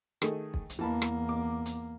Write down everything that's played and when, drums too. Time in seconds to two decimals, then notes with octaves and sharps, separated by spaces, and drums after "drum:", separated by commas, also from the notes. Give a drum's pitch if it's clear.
0.22 D#3 A3 G#4, drum: rim click
0.54 drum: kick
0.70 drum: hi-hat
0.79 E2 E3 A#3 A5 B5
1.02 drum: rim click
1.29 D6
1.66 drum: hi-hat